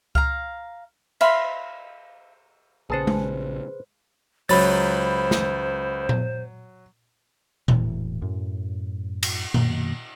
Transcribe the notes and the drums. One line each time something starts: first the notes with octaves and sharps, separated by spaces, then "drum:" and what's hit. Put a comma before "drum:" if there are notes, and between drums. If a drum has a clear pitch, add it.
F5 A#5, drum: kick C#2
E5 F5 B5 C6, drum: cymbal
A#1 C#3 G#4 B4 C5 A5
drum: tom G#3
C#2 F#3 C5 B5 A6, drum: open hi-hat
drum: snare
drum: tom A#2
E1 A2 E3, drum: tom A#2
F#2 A2
drum: cymbal
F#2 B2 D#3 A#3, drum: tom A#2